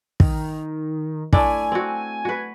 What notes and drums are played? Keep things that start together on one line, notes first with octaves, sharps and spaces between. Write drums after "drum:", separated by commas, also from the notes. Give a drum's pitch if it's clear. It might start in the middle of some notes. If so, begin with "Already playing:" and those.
D#3, drum: kick
A3 D4 E4 G#5, drum: kick
C4 F#4
F#4 B4